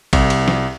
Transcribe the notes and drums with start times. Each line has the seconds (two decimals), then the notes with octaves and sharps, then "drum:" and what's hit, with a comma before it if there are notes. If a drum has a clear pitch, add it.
0.13 C2, drum: kick A1, cymbal
0.30 drum: cymbal
0.48 drum: snare